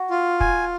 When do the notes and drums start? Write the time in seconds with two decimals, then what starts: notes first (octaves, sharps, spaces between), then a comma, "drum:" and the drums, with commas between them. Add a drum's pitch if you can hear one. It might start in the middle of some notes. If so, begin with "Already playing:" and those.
Already playing: F#4
0.10 F4
0.40 G#5, drum: kick